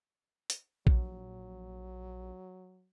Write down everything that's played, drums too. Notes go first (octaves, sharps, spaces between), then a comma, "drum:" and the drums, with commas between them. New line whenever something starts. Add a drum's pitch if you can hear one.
drum: hi-hat
A#1 F#3, drum: kick A#1